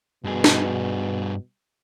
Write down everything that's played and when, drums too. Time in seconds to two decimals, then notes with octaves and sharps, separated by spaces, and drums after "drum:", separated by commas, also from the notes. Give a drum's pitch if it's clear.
0.24 G2 B2 G#4
0.44 drum: snare